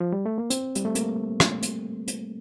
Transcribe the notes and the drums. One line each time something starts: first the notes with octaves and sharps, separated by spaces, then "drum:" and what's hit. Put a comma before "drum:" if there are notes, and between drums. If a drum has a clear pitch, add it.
F3
G3
A3
A#3
C4, drum: hi-hat
G3, drum: hi-hat
A3
A#3, drum: hi-hat
drum: rim click
drum: hi-hat
drum: hi-hat